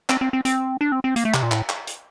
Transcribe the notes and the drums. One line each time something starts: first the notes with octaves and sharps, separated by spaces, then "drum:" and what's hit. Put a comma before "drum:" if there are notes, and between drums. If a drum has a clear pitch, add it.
C4, drum: clap
C4
C4
C4, drum: hi-hat
D4
C4
C4
A#3, drum: hi-hat
A3
C3, drum: clap
A#2
A2, drum: clap
drum: clap
drum: hi-hat